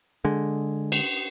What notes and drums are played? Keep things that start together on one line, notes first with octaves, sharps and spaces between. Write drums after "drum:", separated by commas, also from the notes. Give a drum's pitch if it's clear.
D3 G#3
drum: cymbal